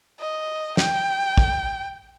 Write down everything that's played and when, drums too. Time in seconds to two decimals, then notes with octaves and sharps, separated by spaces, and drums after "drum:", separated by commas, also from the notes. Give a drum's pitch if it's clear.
0.19 D#5
0.77 G5, drum: snare
1.38 drum: kick